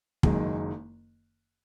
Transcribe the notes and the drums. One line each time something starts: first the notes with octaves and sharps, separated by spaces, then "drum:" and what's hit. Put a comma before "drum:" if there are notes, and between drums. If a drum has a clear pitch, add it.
F#1 F#2 D#3 G#3, drum: kick